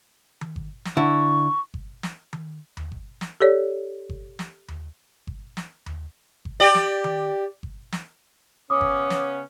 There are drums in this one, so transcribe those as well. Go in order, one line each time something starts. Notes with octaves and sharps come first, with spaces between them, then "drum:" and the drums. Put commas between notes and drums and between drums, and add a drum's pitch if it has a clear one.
drum: tom D#3
drum: kick G1
drum: snare
D3 E4 C#6
drum: kick G1
drum: snare
drum: tom D#3
drum: tom D#2
drum: kick G1
drum: snare
G4 A4 C#5 D5
drum: kick G1
drum: snare
drum: tom D#2
drum: kick G1
drum: snare
drum: tom D#2
drum: kick G1
G4 D5
drum: snare
drum: tom D#3
drum: kick G1
drum: snare
C#3 B3 C#4 D6 D#6
drum: kick G1
drum: snare